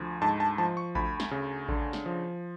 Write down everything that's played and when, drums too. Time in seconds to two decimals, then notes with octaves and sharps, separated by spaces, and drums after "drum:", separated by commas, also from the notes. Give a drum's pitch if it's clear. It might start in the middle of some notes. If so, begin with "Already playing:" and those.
Already playing: D2 F3
0.21 G#2 A5
0.40 A5
0.58 F3 A5
0.77 C#6
0.95 D2 B5, drum: kick A1
1.20 drum: snare
1.31 C#3
1.69 D3, drum: kick A1
1.93 drum: snare
2.06 F3